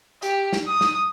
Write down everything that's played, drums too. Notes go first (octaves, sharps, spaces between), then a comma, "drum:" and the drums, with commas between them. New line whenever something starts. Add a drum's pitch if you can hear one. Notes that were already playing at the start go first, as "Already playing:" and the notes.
G4, drum: hi-hat
drum: snare
D#6
drum: snare